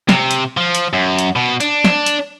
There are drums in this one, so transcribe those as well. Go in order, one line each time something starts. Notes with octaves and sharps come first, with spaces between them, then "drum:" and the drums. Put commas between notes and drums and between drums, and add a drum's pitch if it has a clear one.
C3, drum: snare
drum: hi-hat
F3
drum: hi-hat
F#2
drum: hi-hat
B2
D4, drum: hi-hat
drum: snare
drum: hi-hat